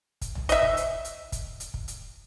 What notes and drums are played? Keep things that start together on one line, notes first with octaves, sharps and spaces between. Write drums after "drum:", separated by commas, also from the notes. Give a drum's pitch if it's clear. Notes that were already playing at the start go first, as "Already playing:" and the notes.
drum: kick, hi-hat
drum: tom A1
D#5 E5, drum: hi-hat
drum: kick
drum: hi-hat
drum: hi-hat
drum: kick, hi-hat
drum: hi-hat
drum: kick
drum: hi-hat